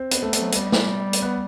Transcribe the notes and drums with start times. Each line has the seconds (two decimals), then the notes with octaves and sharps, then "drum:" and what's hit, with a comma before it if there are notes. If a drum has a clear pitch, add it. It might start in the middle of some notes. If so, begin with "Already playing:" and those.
Already playing: C4
0.11 B3, drum: hi-hat
0.22 A3
0.33 B3, drum: hi-hat
0.40 F#3
0.52 G3, drum: hi-hat
0.72 drum: snare
1.13 drum: hi-hat
1.22 B3